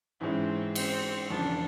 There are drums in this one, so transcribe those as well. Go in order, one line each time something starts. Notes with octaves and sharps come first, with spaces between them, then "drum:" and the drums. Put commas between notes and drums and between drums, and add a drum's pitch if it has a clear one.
G#2 E3 G#3 C4 C#4 E4
C4, drum: cymbal
E1 E2 C#3 F3 D4